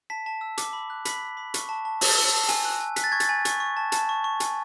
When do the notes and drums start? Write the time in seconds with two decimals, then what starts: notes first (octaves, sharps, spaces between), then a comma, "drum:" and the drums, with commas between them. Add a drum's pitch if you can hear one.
0.10 A5 B6
0.26 A5
0.41 E6
0.58 D6, drum: hi-hat
0.73 B5
0.90 F#6
1.05 B5 B6, drum: hi-hat
1.22 B5
1.37 B5
1.54 C#6, drum: hi-hat
1.69 A5
1.85 A5
2.01 E6, drum: open hi-hat
2.17 E6
2.34 A5
2.49 G#5, drum: hi-hat
2.65 F#6
2.80 G#5
2.96 F#6 B6, drum: hi-hat
3.04 A6
3.12 C#6 G#6
3.20 A6, drum: hi-hat
3.29 G#5
3.45 C#6, drum: hi-hat
3.60 C#6
3.77 A5
3.92 A5, drum: hi-hat
4.09 C#6
4.24 C#6
4.40 G#5, drum: hi-hat